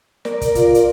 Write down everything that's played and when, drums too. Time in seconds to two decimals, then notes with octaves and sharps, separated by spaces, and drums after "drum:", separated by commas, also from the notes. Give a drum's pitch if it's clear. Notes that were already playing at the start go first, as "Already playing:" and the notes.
0.25 A#4 D5, drum: snare
0.41 drum: kick, hi-hat
0.55 F4, drum: kick, hi-hat
0.75 drum: hi-hat